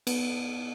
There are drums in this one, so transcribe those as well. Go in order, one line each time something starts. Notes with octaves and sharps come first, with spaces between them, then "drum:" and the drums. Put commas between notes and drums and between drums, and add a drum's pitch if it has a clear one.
B3, drum: cymbal